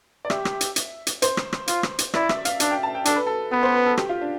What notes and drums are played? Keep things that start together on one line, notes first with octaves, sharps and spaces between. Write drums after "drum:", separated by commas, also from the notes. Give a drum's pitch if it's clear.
D5
G4 E5, drum: rim click
drum: rim click
drum: hi-hat
drum: hi-hat
drum: hi-hat
C5, drum: hi-hat
drum: rim click
drum: rim click
F4, drum: hi-hat
drum: rim click
drum: hi-hat
E4 D5, drum: rim click
E5, drum: rim click
F5, drum: hi-hat
D4 F5, drum: hi-hat
G5
A5
G5
D4 A4, drum: hi-hat
B4
A4
B3 B4
C5
B4
A4
G4, drum: rim click
F4
D4